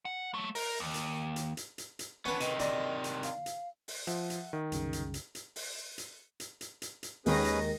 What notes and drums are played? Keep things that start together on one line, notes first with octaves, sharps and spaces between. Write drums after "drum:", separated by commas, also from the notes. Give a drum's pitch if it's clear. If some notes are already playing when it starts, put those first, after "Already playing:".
F#5
F#3 A3
A#4, drum: open hi-hat
D#2
drum: hi-hat
drum: hi-hat
drum: hi-hat
drum: hi-hat
drum: hi-hat
B3 C#4 D4 B4
C3 D#3 D#5, drum: hi-hat
D4 A#5, drum: hi-hat
drum: hi-hat
F5, drum: hi-hat
drum: hi-hat
drum: open hi-hat
F3 E5 F#5, drum: hi-hat
drum: hi-hat
D#3
C2 F#2 C#3, drum: hi-hat
drum: hi-hat
drum: hi-hat
drum: hi-hat
drum: open hi-hat
drum: hi-hat
drum: hi-hat
drum: hi-hat
drum: hi-hat
drum: hi-hat
D#2 D#3 G#3 C#4 G#4 B4 A#6, drum: open hi-hat
drum: hi-hat